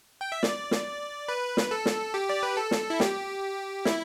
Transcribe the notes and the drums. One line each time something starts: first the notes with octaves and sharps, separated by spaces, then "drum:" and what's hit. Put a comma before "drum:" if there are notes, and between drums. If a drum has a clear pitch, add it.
G5
E5
D5, drum: snare
drum: snare
B4
drum: snare
A4
drum: snare
G4
D5
B4
A4
drum: snare
E4
G4, drum: snare
E4, drum: snare